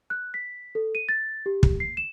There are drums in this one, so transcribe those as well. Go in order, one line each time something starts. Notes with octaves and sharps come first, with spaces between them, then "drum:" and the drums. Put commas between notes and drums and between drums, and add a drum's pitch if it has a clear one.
F#6
B6
A4
D#7
A6
G4
drum: kick
C7
E7